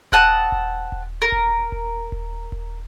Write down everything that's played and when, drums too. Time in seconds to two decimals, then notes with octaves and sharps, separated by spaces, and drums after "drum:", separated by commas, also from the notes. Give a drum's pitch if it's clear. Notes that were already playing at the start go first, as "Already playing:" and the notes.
0.12 C4 F#5 A5 D#6, drum: kick D#1
0.52 drum: kick D#1
0.92 drum: kick D#1
1.22 A#4
1.32 drum: kick D#1
1.72 drum: kick D#1
2.12 drum: kick D#1
2.52 drum: kick D#1